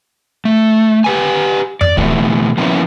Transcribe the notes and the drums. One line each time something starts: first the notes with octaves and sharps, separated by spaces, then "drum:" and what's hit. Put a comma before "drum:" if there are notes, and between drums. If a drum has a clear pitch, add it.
A3
G4 B4 G#5
D5, drum: tom F2
B2 E3 A3, drum: kick D1
F3 A#3 B3 C#4 E4